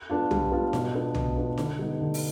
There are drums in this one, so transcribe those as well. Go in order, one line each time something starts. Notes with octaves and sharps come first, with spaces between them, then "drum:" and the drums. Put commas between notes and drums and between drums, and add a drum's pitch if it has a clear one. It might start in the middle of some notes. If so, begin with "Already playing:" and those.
B3 D4 F4
G3, drum: tom
B3 D4 F4
B2, drum: snare D#4
B3 D4 F4
B2, drum: tom
B3 D4 F4
D3, drum: snare D#4
G3 B3 D#4
D3
drum: open hi-hat